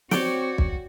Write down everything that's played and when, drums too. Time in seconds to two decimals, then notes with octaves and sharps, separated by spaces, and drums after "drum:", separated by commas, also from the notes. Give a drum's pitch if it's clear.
0.11 C4 F#4 C#5 D5 G5, drum: snare
0.58 drum: kick